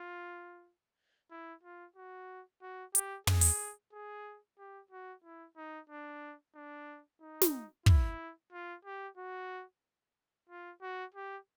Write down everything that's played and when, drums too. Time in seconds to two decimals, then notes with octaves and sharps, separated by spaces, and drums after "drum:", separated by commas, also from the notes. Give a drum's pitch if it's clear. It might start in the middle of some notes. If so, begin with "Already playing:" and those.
Already playing: F4
1.31 E4
1.63 F4
1.96 F#4
2.62 F#4
2.95 G4, drum: hi-hat
3.27 G#4, drum: tom
3.41 drum: open hi-hat
3.93 G#4
4.58 G4
4.91 F#4
5.24 E4
5.57 D#4
5.90 D4
6.56 D4
7.21 D#4
7.42 drum: snare
7.86 E4, drum: kick
8.53 F4
8.85 G4
9.18 F#4
10.49 F4
10.82 F#4
11.15 G4